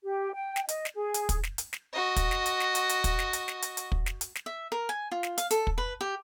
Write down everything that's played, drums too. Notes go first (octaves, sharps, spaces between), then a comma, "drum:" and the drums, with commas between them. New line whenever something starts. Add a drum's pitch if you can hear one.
G4
G5
drum: snare
D#5, drum: hi-hat
drum: snare
G#4
drum: hi-hat
drum: kick, hi-hat
drum: snare
drum: hi-hat
drum: snare
F#4 D#5
drum: kick, hi-hat
drum: snare
drum: hi-hat
drum: snare
drum: hi-hat
drum: hi-hat
drum: kick, hi-hat
drum: snare
drum: hi-hat
drum: snare
drum: hi-hat
drum: hi-hat
drum: kick
drum: snare
drum: hi-hat
drum: snare
E5
A#4
G#5
F4
drum: snare
F5, drum: hi-hat
A4, drum: hi-hat
drum: kick
B4
G4